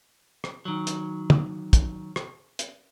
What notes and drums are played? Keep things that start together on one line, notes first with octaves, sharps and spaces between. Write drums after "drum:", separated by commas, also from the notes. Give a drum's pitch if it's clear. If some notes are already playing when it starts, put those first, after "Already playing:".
drum: rim click
D#3 F#3
drum: hi-hat
drum: tom
drum: kick, hi-hat
drum: rim click
drum: hi-hat